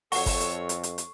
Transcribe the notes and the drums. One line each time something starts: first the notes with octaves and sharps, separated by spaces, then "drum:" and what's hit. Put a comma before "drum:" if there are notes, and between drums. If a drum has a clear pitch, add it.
F2 F#4 A4 C#5 C#6 C7, drum: open hi-hat
drum: kick G1, open hi-hat
drum: hi-hat
drum: hi-hat
drum: hi-hat
drum: hi-hat